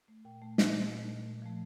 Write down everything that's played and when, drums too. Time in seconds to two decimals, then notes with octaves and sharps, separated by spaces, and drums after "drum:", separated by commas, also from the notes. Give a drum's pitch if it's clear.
0.08 A3
0.25 A#2 G5
0.42 A3
0.58 A#2 D#5, drum: snare
0.75 A3
0.91 A#2
1.09 A3
1.26 A#2
1.42 F3 A3